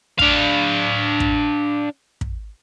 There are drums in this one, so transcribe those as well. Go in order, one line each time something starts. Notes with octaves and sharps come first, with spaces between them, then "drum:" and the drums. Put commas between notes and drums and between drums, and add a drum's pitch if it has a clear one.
D4 F5, drum: kick
drum: kick
drum: kick